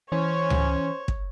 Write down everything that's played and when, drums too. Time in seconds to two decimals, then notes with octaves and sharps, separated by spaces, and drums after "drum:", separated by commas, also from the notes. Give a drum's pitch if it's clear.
0.12 E3 C#4 C5 C#5
0.50 drum: tom C#2
1.08 drum: kick